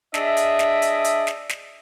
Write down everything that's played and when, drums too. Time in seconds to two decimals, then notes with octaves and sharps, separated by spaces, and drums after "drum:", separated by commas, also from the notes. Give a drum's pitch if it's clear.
0.14 D4 G#4 D#5 E5, drum: snare
0.37 drum: hi-hat
0.59 drum: snare
0.82 drum: hi-hat
1.04 drum: hi-hat
1.27 drum: snare
1.50 drum: snare